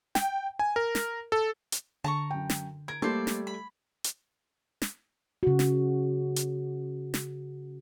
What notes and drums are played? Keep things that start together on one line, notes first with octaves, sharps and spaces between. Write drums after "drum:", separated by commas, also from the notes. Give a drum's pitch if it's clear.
G5, drum: snare
G#5
A#4
drum: snare
A4
drum: hi-hat
D3 A5 A#5 C#6
F#2 G5
drum: snare
A#4 G#6
G3 A3 A#3 C5 D5 A5
drum: snare
B5
drum: hi-hat
drum: snare
C#3 F#4
drum: snare
drum: hi-hat
drum: snare